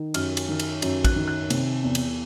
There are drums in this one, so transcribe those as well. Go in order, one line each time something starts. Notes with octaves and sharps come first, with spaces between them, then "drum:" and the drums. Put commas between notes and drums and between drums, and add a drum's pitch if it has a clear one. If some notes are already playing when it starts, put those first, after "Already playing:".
Already playing: D#3
F#2 F6, drum: cymbal
drum: cymbal
D#3
drum: cymbal
F#2, drum: cymbal
F#6, drum: kick, cymbal
D#3
F#6
C3, drum: cymbal
E2
drum: cymbal